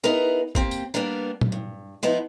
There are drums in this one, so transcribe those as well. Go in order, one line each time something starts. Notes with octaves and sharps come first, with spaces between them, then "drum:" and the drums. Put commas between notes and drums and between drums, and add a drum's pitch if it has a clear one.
B3 D#4 E4 G#4 A#4 B4
A#3 C4 G4, drum: kick
drum: tambourine
G3 A#3 B3 D4 A#4
drum: tom
G2
F3 B3 D#4 E4